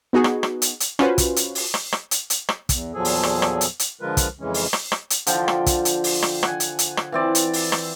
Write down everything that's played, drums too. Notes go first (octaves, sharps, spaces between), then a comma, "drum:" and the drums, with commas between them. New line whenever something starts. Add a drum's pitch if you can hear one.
B3 D#4 F#4 G#4
drum: rim click
drum: rim click
drum: hi-hat
drum: hi-hat
C#4 F4 F#4 B4 C5, drum: rim click
drum: kick, hi-hat
drum: hi-hat
drum: open hi-hat
drum: rim click
drum: rim click
drum: hi-hat
drum: hi-hat
drum: rim click
E2, drum: kick, hi-hat
E2 A#2 F3 F#3 G#4 A4
drum: open hi-hat
drum: rim click
drum: rim click
drum: hi-hat
drum: hi-hat
D3 F3 G#3 F4 A#4 B4
drum: kick, hi-hat
F2 C#3 E3 G#3 C#4
drum: open hi-hat
drum: rim click
drum: rim click
drum: hi-hat
D3 F3 G5, drum: hi-hat
drum: rim click
drum: kick, hi-hat
drum: hi-hat
drum: open hi-hat
drum: rim click
F#5 G#5, drum: rim click
drum: hi-hat
drum: hi-hat
drum: rim click
E3 C4 D5
drum: hi-hat
drum: open hi-hat
drum: rim click